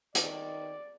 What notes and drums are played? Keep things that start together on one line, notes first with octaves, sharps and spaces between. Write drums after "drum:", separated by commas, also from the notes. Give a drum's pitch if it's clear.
D#3 D5, drum: hi-hat